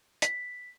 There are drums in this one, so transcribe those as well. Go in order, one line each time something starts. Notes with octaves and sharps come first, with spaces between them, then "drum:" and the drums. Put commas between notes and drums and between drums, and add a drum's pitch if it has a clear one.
B6, drum: hi-hat